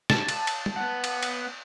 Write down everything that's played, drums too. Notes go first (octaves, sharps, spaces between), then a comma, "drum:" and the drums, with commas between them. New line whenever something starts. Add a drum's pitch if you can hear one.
A5, drum: snare
drum: cymbal
drum: cymbal
drum: tom G3
B3 F#5
drum: cymbal
drum: cymbal